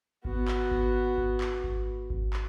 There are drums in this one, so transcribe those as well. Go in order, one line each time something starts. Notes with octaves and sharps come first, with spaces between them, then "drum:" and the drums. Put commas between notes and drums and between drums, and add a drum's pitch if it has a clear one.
B3 F#4, drum: kick G#1
drum: clap
drum: kick G#1
drum: kick G#1
drum: clap
drum: kick G#1
drum: kick G#1
drum: clap